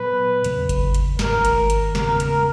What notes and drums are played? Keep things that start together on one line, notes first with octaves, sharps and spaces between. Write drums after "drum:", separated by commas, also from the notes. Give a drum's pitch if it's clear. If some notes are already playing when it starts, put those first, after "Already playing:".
Already playing: A#2 F#3 B3 B4
E2 C#3 F#3 A#3, drum: hi-hat
drum: kick G1, hi-hat
drum: hi-hat
G#2 D#3 G#3 A#4, drum: snare
drum: kick G1, hi-hat
drum: hi-hat
E2 C#3 G#3 B3 A#4, drum: snare
drum: hi-hat